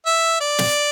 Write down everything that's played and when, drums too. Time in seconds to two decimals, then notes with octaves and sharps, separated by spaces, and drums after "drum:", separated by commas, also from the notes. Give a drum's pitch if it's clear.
0.06 E5
0.41 D5
0.59 drum: snare